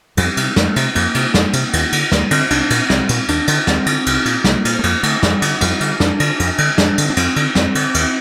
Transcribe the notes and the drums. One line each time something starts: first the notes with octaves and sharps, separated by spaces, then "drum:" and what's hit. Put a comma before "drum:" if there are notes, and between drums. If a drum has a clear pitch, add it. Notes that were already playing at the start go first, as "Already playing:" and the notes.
F2 G3, drum: cymbal
C3, drum: cymbal
F2 A3, drum: snare
C3, drum: cymbal
F2 A#3, drum: cymbal
C3, drum: cymbal
F2, drum: snare
C3, drum: cymbal
D#2, drum: cymbal
D3, drum: cymbal
D#2 A#3, drum: snare
D3 C4, drum: cymbal
C2 D4, drum: cymbal
A#2, drum: cymbal
C2 C4, drum: snare
A#2, drum: cymbal
D#2 D4, drum: cymbal
D3, drum: cymbal
D#2 C4, drum: snare
D3, drum: cymbal
C2, drum: cymbal
A#2, drum: cymbal
C2 A#3, drum: snare
A#2, drum: cymbal
A3
F2 A#3, drum: cymbal
D3 A3, drum: cymbal
F2 G3, drum: snare
D3, drum: cymbal
F2 G3, drum: cymbal
D3, drum: cymbal
F2 D4, drum: snare
D3, drum: cymbal
F2, drum: cymbal
D3, drum: cymbal
F2 D4, drum: snare
D3, drum: cymbal
D4
F2 C4, drum: cymbal
D3, drum: cymbal
F2 C4, drum: snare
D3, drum: cymbal
D#2, drum: cymbal